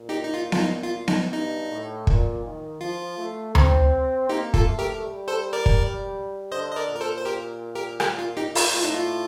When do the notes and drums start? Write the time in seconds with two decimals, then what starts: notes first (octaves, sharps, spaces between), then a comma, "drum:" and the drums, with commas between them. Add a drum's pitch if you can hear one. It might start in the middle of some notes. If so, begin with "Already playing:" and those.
Already playing: A#2
0.09 D#4 G4
0.24 D#4
0.34 F4
0.52 F4, drum: snare B3
0.59 D#4
0.83 F4
1.08 D#4, drum: snare B3
1.33 G2 D#4
1.70 A2
2.07 A#2, drum: kick
2.44 D#3
2.81 F3 F4
3.18 A3
3.55 C4, drum: tom D2
4.29 A#3 D#4 G4
4.54 F4 A4, drum: kick
4.67 A3
4.79 G4 A#4
5.03 G3
5.28 A4 C5
5.53 A#4 D5
5.66 drum: kick
6.52 D3 C5 D#5
6.72 D#5
6.76 A#4 D5
6.89 A#2
6.96 A#4
7.01 A4 C5
7.17 C5
7.25 G4 A#4
7.75 G4 A#4
8.00 G4 A#4, drum: rim click
8.19 F4
8.37 D#4 G4
8.55 F4, drum: open hi-hat
8.74 A2 F4
8.84 D#4
8.94 F4